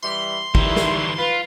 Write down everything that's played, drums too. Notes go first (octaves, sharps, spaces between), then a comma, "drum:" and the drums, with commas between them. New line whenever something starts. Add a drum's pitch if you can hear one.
E3 G3 C6
D#3 E3 G3 A3 E4, drum: kick
drum: snare
F4 B4